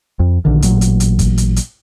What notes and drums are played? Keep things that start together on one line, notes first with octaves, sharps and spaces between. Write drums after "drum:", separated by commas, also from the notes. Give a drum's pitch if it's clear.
F2
A#1 D3 D#3
A1 A#2 F#3, drum: hi-hat
drum: hi-hat
drum: hi-hat
drum: kick, hi-hat
drum: hi-hat
drum: hi-hat